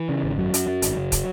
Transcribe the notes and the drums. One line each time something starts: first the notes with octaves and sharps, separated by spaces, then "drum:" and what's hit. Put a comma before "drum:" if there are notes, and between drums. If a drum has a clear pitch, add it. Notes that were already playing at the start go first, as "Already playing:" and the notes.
Already playing: E3
C#3
G#1
F#2 F#3
F#2, drum: hi-hat
F#2
G#1, drum: hi-hat
F#1
drum: kick, hi-hat